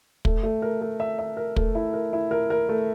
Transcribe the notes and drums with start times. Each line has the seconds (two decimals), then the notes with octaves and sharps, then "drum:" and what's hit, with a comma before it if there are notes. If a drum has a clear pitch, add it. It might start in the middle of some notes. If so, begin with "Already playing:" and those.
0.25 A3, drum: kick
0.43 A3
0.62 A#4
0.81 A3
1.00 E5
1.19 E5
1.37 A#4
1.56 A3, drum: kick
1.75 E4
1.94 A#4
2.13 E4
2.31 A#4
2.50 A#4
2.69 A3